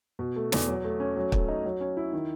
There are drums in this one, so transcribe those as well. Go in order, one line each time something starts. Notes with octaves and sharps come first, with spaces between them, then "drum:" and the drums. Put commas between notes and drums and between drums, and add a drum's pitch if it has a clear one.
B2
A3
E2, drum: snare
F#3
A3
C#4
F#3
A3, drum: kick
D#4
F#3
C#4
E4
D#3